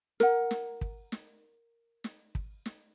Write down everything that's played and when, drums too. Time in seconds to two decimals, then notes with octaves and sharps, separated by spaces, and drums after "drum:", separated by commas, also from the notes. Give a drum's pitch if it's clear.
0.20 A#4 F#5, drum: snare
0.51 drum: snare
0.81 drum: kick
1.12 drum: snare
2.04 drum: snare
2.35 drum: kick
2.66 drum: snare